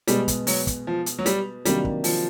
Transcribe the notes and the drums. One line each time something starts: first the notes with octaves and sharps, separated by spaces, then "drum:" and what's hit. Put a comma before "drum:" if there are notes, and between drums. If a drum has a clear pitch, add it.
B2 G3 G#3 B3, drum: hi-hat
drum: kick, hi-hat
F#3, drum: open hi-hat
drum: kick, hi-hat
F3
drum: hi-hat
F#3
G3, drum: hi-hat
C3 D#3 F#3 G3 A#3 D4, drum: hi-hat
drum: kick
F3, drum: open hi-hat